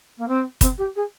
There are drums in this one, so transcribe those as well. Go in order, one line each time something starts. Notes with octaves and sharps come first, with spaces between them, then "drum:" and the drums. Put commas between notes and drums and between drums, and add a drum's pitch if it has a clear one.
A#3
C4
C4, drum: kick, hi-hat
G4
G#4